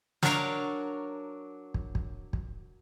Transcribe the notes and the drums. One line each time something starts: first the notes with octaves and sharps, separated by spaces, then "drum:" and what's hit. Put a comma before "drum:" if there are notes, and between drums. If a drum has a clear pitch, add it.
F#3 D4 A#4 C#5 F5, drum: snare
drum: kick
drum: kick
drum: kick